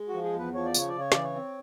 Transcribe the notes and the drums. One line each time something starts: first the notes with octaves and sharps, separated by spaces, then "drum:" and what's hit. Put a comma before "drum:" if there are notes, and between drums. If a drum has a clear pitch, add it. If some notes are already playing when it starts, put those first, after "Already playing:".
Already playing: G#3
F#4
F3
G#4
E2 B4
F3 C#5
D5
C#3 C#5, drum: tambourine
D5
C#3
C#5
E3 D5, drum: snare
C#5
C4